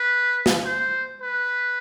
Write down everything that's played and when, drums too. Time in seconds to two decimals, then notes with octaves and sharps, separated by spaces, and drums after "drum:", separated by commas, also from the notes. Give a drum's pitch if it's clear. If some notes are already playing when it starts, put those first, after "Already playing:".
Already playing: B4
0.46 drum: snare
0.65 C5
1.22 B4